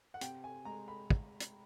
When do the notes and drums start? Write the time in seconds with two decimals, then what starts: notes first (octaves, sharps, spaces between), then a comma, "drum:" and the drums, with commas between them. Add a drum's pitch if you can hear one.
0.14 F#5
0.21 C3 G5, drum: hi-hat
0.44 G#5
0.65 G#3 A#5
0.88 B5
1.10 drum: kick
1.40 drum: hi-hat